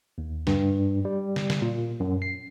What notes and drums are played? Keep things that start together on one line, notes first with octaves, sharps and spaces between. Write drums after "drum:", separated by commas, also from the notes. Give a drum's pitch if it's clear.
D#2
G2, drum: snare
G3
drum: snare
drum: snare
A#2
F#2
C7